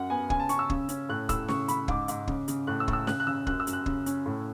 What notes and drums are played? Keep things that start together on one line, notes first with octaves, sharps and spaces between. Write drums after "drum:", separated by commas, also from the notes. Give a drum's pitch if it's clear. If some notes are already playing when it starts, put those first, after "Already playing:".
Already playing: F#2 F#5
B3 G#5
C#3 G#5, drum: kick
A5
C#4 C#6, drum: hi-hat
E6
C#3, drum: kick
C#4, drum: hi-hat
A2 F#6
A2 E6, drum: kick, hi-hat
C#3 C#6, drum: snare
C#3 B5, drum: hi-hat
G#2 D6, drum: kick
G#2, drum: hi-hat
C#3, drum: kick
C#3, drum: hi-hat
A2 F#6
E6
A2, drum: kick
E6
C#3 F#6, drum: snare
F#6
C#3 E6
F#2 F#6, drum: kick
E6
F#2, drum: hi-hat
F#6
C#3, drum: kick
C#4, drum: hi-hat
A2